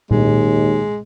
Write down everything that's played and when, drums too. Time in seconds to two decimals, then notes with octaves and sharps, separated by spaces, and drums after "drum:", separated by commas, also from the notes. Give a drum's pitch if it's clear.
0.11 D#2 G#3, drum: tom A#2